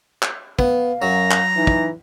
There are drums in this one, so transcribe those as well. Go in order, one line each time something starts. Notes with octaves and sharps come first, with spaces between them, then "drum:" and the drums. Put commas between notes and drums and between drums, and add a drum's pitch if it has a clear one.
drum: clap
B3 F5, drum: kick
F#2 F#3 A#5
drum: clap
E3 D#4
drum: kick